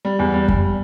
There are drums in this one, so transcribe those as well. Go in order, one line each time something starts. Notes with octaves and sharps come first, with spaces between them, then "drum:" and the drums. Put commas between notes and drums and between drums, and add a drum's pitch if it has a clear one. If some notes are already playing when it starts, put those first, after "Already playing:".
G3
E2
G3
G3, drum: kick F2